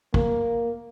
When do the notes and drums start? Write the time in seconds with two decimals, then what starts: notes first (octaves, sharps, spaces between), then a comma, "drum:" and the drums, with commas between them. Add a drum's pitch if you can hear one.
0.14 A#3, drum: kick